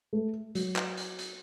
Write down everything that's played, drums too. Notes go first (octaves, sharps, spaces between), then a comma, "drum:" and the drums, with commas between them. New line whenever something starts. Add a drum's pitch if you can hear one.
A3
F#3, drum: hi-hat
drum: clap
drum: hi-hat
drum: hi-hat